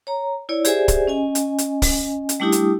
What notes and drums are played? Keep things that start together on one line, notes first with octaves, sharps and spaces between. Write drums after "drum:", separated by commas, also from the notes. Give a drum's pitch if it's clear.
C#5 A#5
E4 C#5 D5
G4 G#4 C5 D5 E5 G#5, drum: hi-hat
drum: kick, hi-hat
C#4 D#5 G#5
drum: hi-hat
drum: hi-hat
drum: kick, open hi-hat
drum: hi-hat
G3 A3 D4 E4 G4 D#6
drum: hi-hat